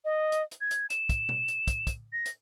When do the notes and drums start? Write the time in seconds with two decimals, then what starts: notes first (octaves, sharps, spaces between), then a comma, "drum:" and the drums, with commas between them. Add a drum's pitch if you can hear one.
0.05 D#5
0.32 drum: hi-hat
0.51 drum: hi-hat
0.61 G#6
0.71 drum: hi-hat
0.90 E7, drum: hi-hat
1.09 drum: kick, hi-hat
1.29 drum: tom B2
1.48 drum: hi-hat
1.67 drum: kick, hi-hat
1.87 drum: kick, hi-hat
2.13 A#6
2.26 drum: hi-hat